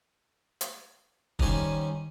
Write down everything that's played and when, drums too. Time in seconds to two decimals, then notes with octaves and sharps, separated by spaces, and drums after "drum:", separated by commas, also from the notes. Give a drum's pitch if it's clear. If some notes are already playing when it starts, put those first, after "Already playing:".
0.61 drum: hi-hat
1.39 D#3 G3 C#4 C5 G#5, drum: kick